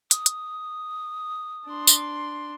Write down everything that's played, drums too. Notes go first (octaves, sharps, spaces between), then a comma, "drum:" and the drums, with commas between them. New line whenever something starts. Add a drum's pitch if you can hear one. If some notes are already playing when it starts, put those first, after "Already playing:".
D#6, drum: hi-hat
drum: hi-hat
D4 C6
drum: tambourine